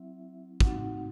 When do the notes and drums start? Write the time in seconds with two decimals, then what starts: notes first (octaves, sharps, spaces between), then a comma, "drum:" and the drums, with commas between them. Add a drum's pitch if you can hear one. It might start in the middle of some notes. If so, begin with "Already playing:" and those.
Already playing: F#3 C4 E4 E5
0.60 C4 D#4 F#4 F#5, drum: kick